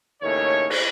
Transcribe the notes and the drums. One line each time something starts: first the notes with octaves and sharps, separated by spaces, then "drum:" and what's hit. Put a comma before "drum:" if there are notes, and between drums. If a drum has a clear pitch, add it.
D#2 A2 C#3 A3 C#5
drum: cymbal